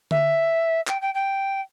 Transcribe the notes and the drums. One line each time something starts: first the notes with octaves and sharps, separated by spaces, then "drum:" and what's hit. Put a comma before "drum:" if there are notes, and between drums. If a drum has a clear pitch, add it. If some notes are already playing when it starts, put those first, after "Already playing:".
E5, drum: tom D3
G5, drum: clap
G5
G5